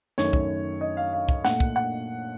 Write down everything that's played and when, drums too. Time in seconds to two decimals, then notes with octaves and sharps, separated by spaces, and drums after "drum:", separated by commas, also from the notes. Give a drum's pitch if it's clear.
0.18 F#2 D#3 A3 C#5, drum: snare
0.33 drum: kick
0.81 D#5
0.97 F5
1.13 F5
1.29 drum: kick
1.45 A#2 A3 F#5, drum: snare
1.60 drum: kick
1.76 F#5